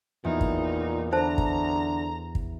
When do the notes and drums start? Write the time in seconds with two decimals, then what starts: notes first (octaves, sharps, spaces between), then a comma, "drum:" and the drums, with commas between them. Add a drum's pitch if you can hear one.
0.25 E2 A#2 D#4
0.41 drum: kick
1.13 D3 C5 A5 A#5
1.38 drum: kick
2.35 drum: kick